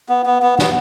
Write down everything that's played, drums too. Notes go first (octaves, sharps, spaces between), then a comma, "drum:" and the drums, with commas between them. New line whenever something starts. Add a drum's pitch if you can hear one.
B3
B3
B3
B3, drum: snare